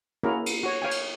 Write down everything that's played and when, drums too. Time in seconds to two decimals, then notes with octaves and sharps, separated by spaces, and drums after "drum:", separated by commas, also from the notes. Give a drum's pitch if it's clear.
0.23 A#3 C#4 E4 F#4 G#4 A#4
0.46 drum: cymbal
0.63 F#4 C#5
0.82 C#5 F5 G5 G#5
0.91 drum: cymbal